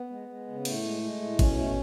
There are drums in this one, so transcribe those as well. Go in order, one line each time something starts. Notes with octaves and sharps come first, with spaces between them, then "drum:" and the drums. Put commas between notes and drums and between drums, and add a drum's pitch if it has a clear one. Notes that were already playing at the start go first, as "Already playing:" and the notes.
Already playing: B3
G#3
G#3
C#3
A2 A3, drum: cymbal
G#3
G#3
A2
B2 C#4, drum: kick G#1, cymbal
A3